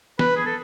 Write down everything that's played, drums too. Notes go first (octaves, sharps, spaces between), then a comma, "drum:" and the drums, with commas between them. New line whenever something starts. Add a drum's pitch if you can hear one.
B4, drum: snare
G#4
A4